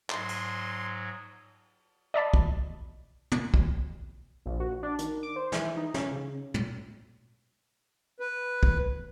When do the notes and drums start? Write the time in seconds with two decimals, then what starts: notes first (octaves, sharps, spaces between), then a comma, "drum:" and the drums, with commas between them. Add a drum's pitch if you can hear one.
0.10 G#2 F#3 C6, drum: clap
0.29 drum: cymbal
2.14 D5 D#5 A5 B5
2.34 drum: kick
3.32 drum: tom
3.54 drum: kick
4.46 A#1
4.60 F#4
4.83 D4
4.98 D#3, drum: hi-hat
5.23 D6
5.36 C5
5.52 E3, drum: snare
5.76 D#4
5.94 C#4, drum: snare
6.11 C#3
6.54 drum: tom
8.20 B4
8.63 drum: kick